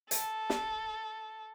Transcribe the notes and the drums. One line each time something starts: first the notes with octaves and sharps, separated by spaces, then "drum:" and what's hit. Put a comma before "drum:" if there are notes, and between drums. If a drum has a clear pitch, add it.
A4, drum: hi-hat
drum: snare